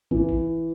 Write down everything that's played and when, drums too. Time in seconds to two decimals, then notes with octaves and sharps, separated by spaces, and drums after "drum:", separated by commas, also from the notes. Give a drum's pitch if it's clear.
0.11 E3, drum: kick
0.29 drum: kick